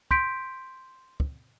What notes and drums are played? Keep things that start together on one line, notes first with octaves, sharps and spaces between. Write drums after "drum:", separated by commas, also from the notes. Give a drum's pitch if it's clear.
C6 G6 B6 D7, drum: kick
drum: kick